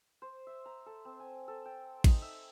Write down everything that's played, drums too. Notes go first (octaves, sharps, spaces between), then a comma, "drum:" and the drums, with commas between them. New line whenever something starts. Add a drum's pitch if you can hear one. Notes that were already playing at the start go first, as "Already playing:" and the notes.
C5
E5
A#5
A4
C4
G#5
A4
G5
D#4, drum: kick A1, cymbal
E5